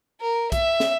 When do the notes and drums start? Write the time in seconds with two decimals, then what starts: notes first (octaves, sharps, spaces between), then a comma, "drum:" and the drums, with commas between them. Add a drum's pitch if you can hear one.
0.21 A#4
0.52 E5, drum: kick, hi-hat
0.80 drum: snare